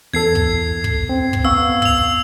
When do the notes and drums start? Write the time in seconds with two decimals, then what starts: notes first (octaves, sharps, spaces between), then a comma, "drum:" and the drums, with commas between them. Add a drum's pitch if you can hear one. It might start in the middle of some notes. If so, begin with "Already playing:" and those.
0.14 E2 A4 G#6 C7
0.35 drum: kick
0.84 drum: kick
1.09 C4
1.33 drum: kick
1.45 B3 F5 C#6 E6
1.82 E6 F7, drum: kick